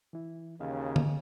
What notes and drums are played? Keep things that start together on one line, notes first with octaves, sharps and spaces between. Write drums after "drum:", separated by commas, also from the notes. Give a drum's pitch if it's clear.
E3 E4
D#2 C#3 D#5 F5
drum: tom D3